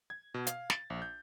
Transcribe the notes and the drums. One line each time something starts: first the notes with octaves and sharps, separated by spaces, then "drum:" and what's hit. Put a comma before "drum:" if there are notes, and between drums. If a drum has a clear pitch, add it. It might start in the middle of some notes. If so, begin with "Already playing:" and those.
G#6
B2
F5, drum: hi-hat
A6, drum: snare
A#1
G6